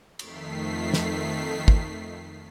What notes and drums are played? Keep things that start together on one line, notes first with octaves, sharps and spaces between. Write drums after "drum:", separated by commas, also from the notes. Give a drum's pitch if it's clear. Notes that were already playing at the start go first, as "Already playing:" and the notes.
F2 D#3 A3 B6 C7, drum: cymbal
drum: snare
drum: kick